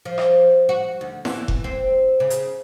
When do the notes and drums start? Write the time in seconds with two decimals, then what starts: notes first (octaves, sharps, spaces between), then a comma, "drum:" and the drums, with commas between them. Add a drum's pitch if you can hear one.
0.05 F3
0.18 drum: rim click
0.69 F#4
1.01 D2
1.25 E3, drum: snare E4
1.48 drum: kick F1
1.64 C4
2.20 C#3
2.30 drum: hi-hat